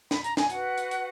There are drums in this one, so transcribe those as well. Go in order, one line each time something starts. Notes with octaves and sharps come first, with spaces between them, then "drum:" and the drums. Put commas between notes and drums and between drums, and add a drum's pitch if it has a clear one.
B5, drum: snare
A#5, drum: hi-hat
G#5, drum: snare
F#4 B4 F#5, drum: hi-hat
drum: hi-hat
drum: hi-hat